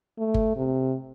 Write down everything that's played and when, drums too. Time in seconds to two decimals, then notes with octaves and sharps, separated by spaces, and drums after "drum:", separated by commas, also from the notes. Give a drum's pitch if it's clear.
0.19 A3
0.34 drum: kick G1
0.56 C3